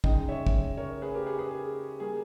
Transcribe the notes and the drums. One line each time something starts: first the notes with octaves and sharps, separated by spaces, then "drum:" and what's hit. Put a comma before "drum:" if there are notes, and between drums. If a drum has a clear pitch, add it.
C#3 G#3 D#4 D#5 G5, drum: kick
C#5 E5
drum: kick
A#4 C#5
G#4 B4
G4 A#4
G#4 B4
G#4 B4
G#4
G3 A#3 G#4